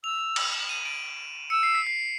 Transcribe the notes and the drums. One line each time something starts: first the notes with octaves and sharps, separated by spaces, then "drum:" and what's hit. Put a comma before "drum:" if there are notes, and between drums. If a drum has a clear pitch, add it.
E6 F7
F7
F#7, drum: cymbal
E7
D#7
D7
E6 C#7
C7
B6
C7